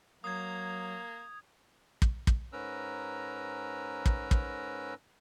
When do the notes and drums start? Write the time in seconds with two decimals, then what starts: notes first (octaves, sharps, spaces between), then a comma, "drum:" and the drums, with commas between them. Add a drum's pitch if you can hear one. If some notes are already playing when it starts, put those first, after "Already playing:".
0.24 F#3 A#3 D#6 G#6
2.02 drum: kick
2.27 drum: kick
2.53 G#2 C#4 A#4 B4 A#5 E6
4.06 drum: kick
4.31 drum: kick